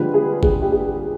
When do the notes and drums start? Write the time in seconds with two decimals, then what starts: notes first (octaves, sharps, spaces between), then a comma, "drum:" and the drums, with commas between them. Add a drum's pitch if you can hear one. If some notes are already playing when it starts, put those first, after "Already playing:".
Already playing: D3 F3 G#3 D4 F4 G4 B4
0.14 G#4
0.43 G#4, drum: kick G1
0.62 G4
0.72 G#4